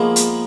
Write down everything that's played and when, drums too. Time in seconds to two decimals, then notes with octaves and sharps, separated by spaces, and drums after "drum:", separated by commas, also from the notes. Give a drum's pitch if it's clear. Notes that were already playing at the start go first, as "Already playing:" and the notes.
Already playing: F3 G#3 A#3 B3
0.16 drum: hi-hat